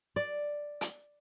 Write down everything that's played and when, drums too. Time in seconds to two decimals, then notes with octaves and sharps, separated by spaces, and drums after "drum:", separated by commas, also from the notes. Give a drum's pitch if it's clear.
0.16 D5
0.81 drum: hi-hat